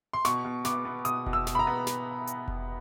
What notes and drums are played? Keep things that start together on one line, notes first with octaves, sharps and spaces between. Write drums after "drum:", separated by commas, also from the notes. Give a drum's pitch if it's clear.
C6
B2 C#6, drum: snare
B2
B3 D6, drum: snare
B3
B2 D#6, drum: hi-hat
B2, drum: kick F1
E6
B2, drum: snare
B5
A#5
B3
drum: snare
drum: hi-hat
drum: kick F1